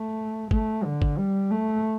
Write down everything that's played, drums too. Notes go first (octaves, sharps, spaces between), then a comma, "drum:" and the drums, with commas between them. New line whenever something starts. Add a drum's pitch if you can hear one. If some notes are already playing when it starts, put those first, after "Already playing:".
Already playing: A3
A3, drum: kick
D3
drum: kick
G3
A3